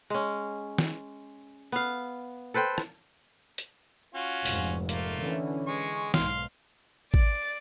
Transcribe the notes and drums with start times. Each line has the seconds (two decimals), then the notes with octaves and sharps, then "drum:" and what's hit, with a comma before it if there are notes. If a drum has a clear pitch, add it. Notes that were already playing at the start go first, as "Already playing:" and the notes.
0.10 G#3 C#4
0.78 drum: snare
1.72 B3 F5
2.54 A4 B4 C5 G5
2.78 drum: rim click
3.58 drum: hi-hat
4.15 C#4 F4 F#4
4.46 F1 G#2, drum: open hi-hat
4.89 A3 A#3 F4, drum: hi-hat
5.19 D3 E3 C#4
5.67 G#3 C#6
6.14 B1 G#2 B2 F5 C6, drum: snare
7.14 D5, drum: kick G#1